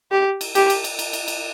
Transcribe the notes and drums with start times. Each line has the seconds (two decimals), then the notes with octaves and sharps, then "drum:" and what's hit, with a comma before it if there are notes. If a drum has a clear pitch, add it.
0.12 G4
0.41 drum: cymbal
0.55 G4, drum: cymbal
0.70 drum: cymbal
0.84 drum: cymbal
0.99 drum: cymbal
1.13 drum: cymbal
1.28 drum: cymbal